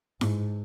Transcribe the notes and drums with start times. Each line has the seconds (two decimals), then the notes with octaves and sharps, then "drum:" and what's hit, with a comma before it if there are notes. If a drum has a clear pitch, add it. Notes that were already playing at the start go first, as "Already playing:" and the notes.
0.21 G#2, drum: snare E4